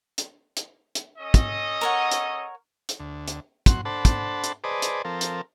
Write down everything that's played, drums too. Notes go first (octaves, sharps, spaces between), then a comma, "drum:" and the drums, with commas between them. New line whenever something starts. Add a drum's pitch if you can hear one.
drum: hi-hat
drum: hi-hat
drum: hi-hat
C#4 A4 D#5
drum: kick, hi-hat
A#4 C#5 F#5
drum: hi-hat
drum: hi-hat
D2
drum: hi-hat
F#2 F#5 C6, drum: kick, hi-hat
D4 A4 C5 F#5 A5 B5
drum: kick, hi-hat
drum: hi-hat
G#4 B4 C5 D5 D#5 A5
drum: hi-hat
F3 C4 A4 A#4
drum: hi-hat